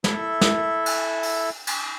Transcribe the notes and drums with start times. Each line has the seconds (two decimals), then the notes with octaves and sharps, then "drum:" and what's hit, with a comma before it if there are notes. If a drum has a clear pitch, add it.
0.04 E4 A4 E5, drum: snare
0.41 drum: snare
0.86 drum: cymbal
1.23 drum: open hi-hat
1.67 drum: cymbal